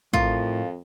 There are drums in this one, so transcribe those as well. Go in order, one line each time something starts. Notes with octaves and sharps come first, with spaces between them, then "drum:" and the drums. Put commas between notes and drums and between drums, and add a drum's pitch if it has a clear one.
F2 A2 F4 A#4, drum: kick